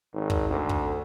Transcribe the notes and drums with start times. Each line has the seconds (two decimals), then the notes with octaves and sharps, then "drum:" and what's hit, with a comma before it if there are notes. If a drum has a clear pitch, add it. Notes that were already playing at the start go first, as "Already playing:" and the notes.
0.13 G#1
0.30 drum: kick
0.49 D2
0.69 drum: kick